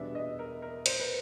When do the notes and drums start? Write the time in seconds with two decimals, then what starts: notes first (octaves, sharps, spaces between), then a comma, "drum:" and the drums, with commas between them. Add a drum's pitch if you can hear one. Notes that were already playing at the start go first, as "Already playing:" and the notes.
Already playing: E2 B2 G3 B3 D4 E5
0.15 D#5
0.39 A#4
0.62 A#4
0.86 C5, drum: cymbal
1.00 B4